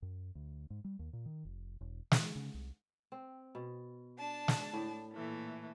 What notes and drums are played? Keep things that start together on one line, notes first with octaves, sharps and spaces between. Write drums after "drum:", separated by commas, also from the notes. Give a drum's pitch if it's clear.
F#2
D2
G#2
G3
D#2
A#2
D#3
F1
E1
E3, drum: snare
C#3
C2
C4
B2
D4 A5
drum: snare
A2
A#2 E3 A3